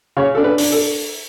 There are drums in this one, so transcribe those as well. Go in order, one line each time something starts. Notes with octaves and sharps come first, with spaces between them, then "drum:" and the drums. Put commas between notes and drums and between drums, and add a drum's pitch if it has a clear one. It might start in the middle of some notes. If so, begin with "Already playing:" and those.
C#3 C#5
D4 A4
B4
D4, drum: open hi-hat
A4